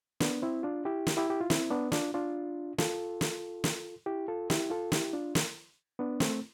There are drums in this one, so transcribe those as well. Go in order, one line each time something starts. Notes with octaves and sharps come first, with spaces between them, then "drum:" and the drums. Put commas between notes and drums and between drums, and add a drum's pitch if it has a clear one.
B3 D4, drum: snare
C4 E4
D4 F4
E4 G4
drum: snare
E4 G4
G4
F4
C4 E4, drum: snare
B3 D4
D4 F4, drum: snare
D4 F4
F4 A4, drum: snare
drum: snare
drum: snare
E4 G4
F4 A4
E4 G4, drum: snare
F4 A4
E4 G4, drum: snare
D4 F4
drum: snare
B3 D4
A3 C4, drum: snare